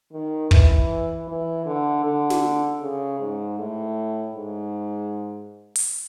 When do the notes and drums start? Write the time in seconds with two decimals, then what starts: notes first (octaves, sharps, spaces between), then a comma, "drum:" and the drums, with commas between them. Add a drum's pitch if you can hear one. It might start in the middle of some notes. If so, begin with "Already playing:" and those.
0.13 D#3
0.51 E3, drum: kick
1.28 E3
1.66 D3
2.04 D3
2.30 drum: snare
2.81 C#3
3.20 G#2
3.58 A2
4.35 G#2
5.76 drum: open hi-hat